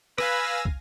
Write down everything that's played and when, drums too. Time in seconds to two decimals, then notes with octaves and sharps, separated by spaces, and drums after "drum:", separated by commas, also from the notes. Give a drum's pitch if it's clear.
0.18 B4 F5 G#5 E6 A#6, drum: rim click
0.65 drum: kick